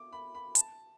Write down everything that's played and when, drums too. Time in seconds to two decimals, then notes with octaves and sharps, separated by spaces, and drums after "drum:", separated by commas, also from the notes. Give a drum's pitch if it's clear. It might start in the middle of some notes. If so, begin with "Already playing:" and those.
Already playing: D6
0.13 B5
0.35 B5
0.55 A5, drum: hi-hat